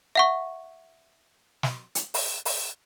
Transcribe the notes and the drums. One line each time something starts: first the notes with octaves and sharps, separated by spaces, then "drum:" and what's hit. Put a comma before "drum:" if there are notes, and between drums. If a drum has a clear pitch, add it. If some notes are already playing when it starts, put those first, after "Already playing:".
E5 F#5 C#6
drum: snare
drum: hi-hat
drum: open hi-hat
drum: open hi-hat